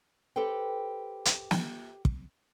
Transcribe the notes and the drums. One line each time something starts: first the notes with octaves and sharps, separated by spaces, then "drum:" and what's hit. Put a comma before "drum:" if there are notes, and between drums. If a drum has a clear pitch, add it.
G4 A4 B4 C5 G5
drum: hi-hat
drum: snare
drum: kick